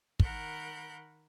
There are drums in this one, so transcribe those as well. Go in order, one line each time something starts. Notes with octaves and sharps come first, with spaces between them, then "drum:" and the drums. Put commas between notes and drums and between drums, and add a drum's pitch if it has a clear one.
D#3 A#4 F#5 B5 F#6 G6, drum: kick